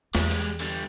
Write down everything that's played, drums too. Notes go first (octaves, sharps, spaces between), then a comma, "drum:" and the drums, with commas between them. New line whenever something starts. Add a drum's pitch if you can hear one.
E2 G3 G#3, drum: snare
drum: open hi-hat
D3 G3